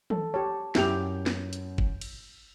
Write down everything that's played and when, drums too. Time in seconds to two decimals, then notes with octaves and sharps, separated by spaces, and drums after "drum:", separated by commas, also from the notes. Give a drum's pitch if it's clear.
0.10 A4, drum: tom
0.34 G4 C#5 A5
0.75 F#2 E4 G4 G6 F7, drum: snare
1.26 drum: snare
1.53 drum: hi-hat
1.78 drum: kick
2.01 drum: cymbal